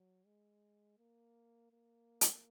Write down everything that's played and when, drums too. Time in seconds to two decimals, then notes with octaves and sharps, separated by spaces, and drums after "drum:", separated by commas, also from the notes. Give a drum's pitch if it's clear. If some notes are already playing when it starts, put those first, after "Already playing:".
Already playing: F#3
0.26 G#3
0.98 A#3
1.71 A#3
2.21 drum: hi-hat